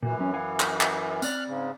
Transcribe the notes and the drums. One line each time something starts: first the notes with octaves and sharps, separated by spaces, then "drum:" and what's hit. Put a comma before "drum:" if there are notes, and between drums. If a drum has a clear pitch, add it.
F#2 A#2 E3 F#4
F#3 C#4
F5 F#5 G#5
drum: clap
drum: clap
C4 D5 F6 F#6, drum: tambourine
G#2 C#3